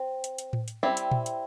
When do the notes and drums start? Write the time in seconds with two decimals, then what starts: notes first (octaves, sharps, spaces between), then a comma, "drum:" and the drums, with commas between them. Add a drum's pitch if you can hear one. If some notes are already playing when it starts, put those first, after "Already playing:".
Already playing: C4
0.24 drum: hi-hat
0.38 drum: hi-hat
0.53 drum: tom A2
0.68 drum: hi-hat
0.83 G3 C4 E4
0.97 drum: hi-hat
1.11 drum: tom A#2
1.26 drum: hi-hat